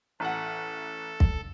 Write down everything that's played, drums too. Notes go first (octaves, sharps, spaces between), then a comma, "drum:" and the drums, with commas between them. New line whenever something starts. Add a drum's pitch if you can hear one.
A1 A4 F#5
drum: kick